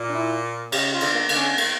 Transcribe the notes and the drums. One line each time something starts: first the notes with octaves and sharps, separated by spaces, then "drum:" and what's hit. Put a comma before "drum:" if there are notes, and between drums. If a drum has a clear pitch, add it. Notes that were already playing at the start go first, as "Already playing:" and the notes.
Already playing: A#2
D4
E4
C#3 G4, drum: cymbal
F4
D3, drum: cymbal
A#3
D3, drum: cymbal
C#4
A#3, drum: cymbal